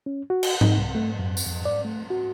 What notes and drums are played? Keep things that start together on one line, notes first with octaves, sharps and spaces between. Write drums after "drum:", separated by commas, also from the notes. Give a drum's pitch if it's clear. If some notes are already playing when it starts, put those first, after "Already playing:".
C#4
F#4
drum: cymbal
D#4, drum: tom G#2
C2
A3
F#2
drum: tambourine
F2
D5
A3
F#4